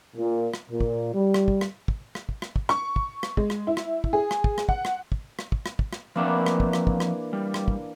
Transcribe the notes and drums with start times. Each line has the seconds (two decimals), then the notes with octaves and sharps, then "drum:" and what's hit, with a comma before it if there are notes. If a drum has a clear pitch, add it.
0.15 A#2
0.54 drum: rim click
0.70 A#2
0.80 drum: kick
1.13 G3
1.34 drum: rim click
1.48 drum: kick
1.61 drum: rim click
1.88 drum: kick
2.15 drum: rim click
2.29 drum: kick
2.42 drum: rim click
2.56 drum: kick
2.69 C#6, drum: rim click
2.96 drum: kick
3.23 drum: rim click
3.37 G#3, drum: kick
3.50 drum: rim click
3.67 E4
3.77 drum: rim click
4.04 drum: kick
4.13 G#4
4.31 drum: rim click
4.44 drum: kick
4.58 drum: rim click
4.69 F#5, drum: kick
4.85 drum: rim click
5.12 drum: kick
5.39 drum: rim click
5.52 drum: kick
5.66 drum: rim click
5.79 drum: kick
5.93 drum: rim click
6.16 E3 F3 A#3 C4 D4 E5
6.46 drum: rim click
6.60 drum: kick
6.73 drum: rim click
6.87 drum: kick
7.00 drum: rim click
7.33 G3
7.54 drum: rim click
7.68 drum: kick